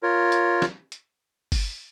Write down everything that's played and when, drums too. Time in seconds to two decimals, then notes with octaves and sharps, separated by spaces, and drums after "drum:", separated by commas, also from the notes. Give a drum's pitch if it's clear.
0.02 F4 A#4 C#5
0.32 drum: hi-hat
0.62 drum: snare
0.92 drum: hi-hat
1.52 drum: kick G1, open hi-hat